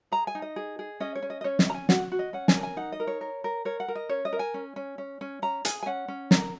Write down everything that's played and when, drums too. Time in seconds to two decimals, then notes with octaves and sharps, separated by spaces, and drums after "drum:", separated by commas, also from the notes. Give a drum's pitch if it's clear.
0.12 G#4 A#5
0.27 G#5
0.35 D#4
0.42 D#5
0.56 G#4
0.79 G#4
1.00 C#4 D#5
1.15 C#5
1.22 C#4
1.30 D#5
1.41 D#5
1.44 C#4 C#5
1.59 D#5, drum: snare
1.67 C#4 A#5
1.75 G#5
1.89 F#4 F#5, drum: snare
2.12 F#4
2.19 D#5
2.33 C#4 F#5
2.48 G#5, drum: snare
2.55 A#4
2.63 G#5
2.77 D#4 F#5
2.92 D#5
3.00 A#4
3.07 C#5
3.21 A#4
3.44 A#4
3.65 A#4 C#5
3.80 F#5
3.88 A#4
3.95 D#5
4.09 C#4 C#5
4.25 D#5
4.33 A#4
4.39 G#5
4.54 C#4
4.76 C#4
4.98 C#4
5.21 C#4
5.42 C#4 A#5
5.65 G#4 G#5, drum: hi-hat
5.83 G#5
5.86 C#4 F#5
6.08 C#4
6.31 A#4, drum: snare